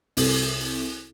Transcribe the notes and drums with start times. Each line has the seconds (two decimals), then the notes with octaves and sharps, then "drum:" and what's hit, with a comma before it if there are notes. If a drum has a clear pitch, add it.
0.17 C2 A4, drum: open hi-hat